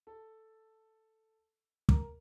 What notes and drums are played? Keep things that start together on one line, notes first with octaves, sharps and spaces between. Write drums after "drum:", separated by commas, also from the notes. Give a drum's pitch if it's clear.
A4 A5
A#4 A#5, drum: kick